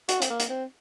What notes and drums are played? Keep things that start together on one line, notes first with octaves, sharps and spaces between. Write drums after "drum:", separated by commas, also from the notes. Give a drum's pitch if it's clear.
F#4, drum: hi-hat
C4, drum: hi-hat
A#3
drum: hi-hat
C4